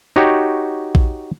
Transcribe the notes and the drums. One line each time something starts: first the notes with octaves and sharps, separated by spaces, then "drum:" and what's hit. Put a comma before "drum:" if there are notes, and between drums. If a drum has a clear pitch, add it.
D#4 F#4 G4 C#5
drum: kick A#1